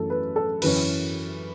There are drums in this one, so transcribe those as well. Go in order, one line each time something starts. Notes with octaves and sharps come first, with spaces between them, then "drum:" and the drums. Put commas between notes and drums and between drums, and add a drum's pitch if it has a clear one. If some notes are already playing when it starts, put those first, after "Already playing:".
Already playing: F#2 E3 A3 C#4 A4
B4
A4
F#2 E3 C#4 B4, drum: cymbal